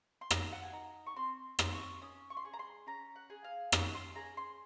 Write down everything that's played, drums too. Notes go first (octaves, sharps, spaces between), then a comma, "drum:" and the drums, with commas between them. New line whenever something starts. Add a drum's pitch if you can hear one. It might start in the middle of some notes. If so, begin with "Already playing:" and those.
C6
F#4 A#5, drum: rim click
F#5
G#5
D#4 A#5
C#6
C4 C6
C4, drum: rim click
C#6
C#4 D#6
C#6
C6
G#4 C#6
A#5
C6
C#4 A#5
F#5
G#4
F5
C#4 F#5, drum: rim click
C6
G#4 A#5
C6